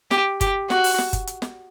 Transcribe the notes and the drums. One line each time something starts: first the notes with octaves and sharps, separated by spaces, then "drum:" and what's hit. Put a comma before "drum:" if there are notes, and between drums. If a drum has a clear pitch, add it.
G4, drum: snare
G4, drum: kick F#1, hi-hat
F#4, drum: snare
drum: open hi-hat
drum: snare
drum: kick F#1, hi-hat
drum: hi-hat
drum: snare